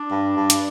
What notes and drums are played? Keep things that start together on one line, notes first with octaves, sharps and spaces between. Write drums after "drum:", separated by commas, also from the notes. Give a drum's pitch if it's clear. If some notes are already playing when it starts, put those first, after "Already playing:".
Already playing: D4
G2
G2
drum: hi-hat